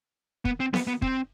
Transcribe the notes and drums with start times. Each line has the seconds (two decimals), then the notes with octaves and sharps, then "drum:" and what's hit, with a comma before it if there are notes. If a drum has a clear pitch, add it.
0.45 B3, drum: kick
0.60 C4
0.74 B3, drum: snare B3
0.87 B3
1.02 C4, drum: kick